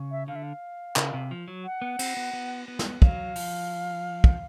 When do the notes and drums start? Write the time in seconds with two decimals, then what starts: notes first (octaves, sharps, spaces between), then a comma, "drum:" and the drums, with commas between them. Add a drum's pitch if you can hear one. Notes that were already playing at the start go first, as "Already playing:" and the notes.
Already playing: C#3
0.11 E5
0.28 D3 F5
0.36 E5
0.43 F5
0.96 C#3, drum: clap
1.14 C3
1.31 F3
1.48 F#3
1.65 F#5
1.82 B3
1.99 C4, drum: cymbal
2.17 B3
2.33 B3
2.68 B3
2.79 drum: snare
3.02 F#3 F5, drum: kick
3.35 F3, drum: open hi-hat
4.24 drum: kick